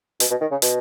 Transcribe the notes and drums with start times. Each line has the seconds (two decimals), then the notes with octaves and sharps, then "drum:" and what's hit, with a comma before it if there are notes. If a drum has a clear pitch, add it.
0.20 B2, drum: hi-hat
0.30 B2
0.41 D#3
0.51 C#3
0.62 B2, drum: hi-hat